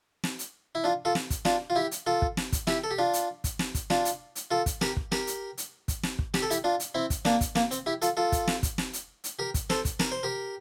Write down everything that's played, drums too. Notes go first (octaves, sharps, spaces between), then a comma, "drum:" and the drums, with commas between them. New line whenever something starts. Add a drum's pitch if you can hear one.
drum: snare
drum: hi-hat
E4
D4 F4
F4 A4
drum: snare
drum: kick, hi-hat
D4 F4, drum: snare
F4
E4 G4
drum: hi-hat
F4 A4
drum: kick
drum: snare
drum: kick, hi-hat
E4 G4, drum: snare
A4
G4
D4 F4
drum: hi-hat
drum: kick, hi-hat
drum: snare
drum: kick, hi-hat
D4 F4, drum: snare
drum: hi-hat
drum: hi-hat
F4 A4
drum: kick, hi-hat
G4 A#4, drum: snare
drum: kick
G4 A#4, drum: snare
drum: hi-hat
drum: hi-hat
drum: kick, hi-hat
drum: snare
drum: kick
G4, drum: snare
A4
E4 G4, drum: hi-hat
D4 F4
drum: hi-hat
C4 E4
drum: kick, hi-hat
A#3 D4, drum: snare
drum: kick, hi-hat
A#3, drum: snare
C4, drum: hi-hat
E4 G4
F4 A4, drum: hi-hat
F4 A4
drum: kick, hi-hat
drum: snare
drum: kick, hi-hat
drum: snare
drum: hi-hat
drum: hi-hat
G4 A#4
drum: kick, hi-hat
A4 C5, drum: snare
drum: kick, hi-hat
A#4, drum: snare
C5
G4 A#4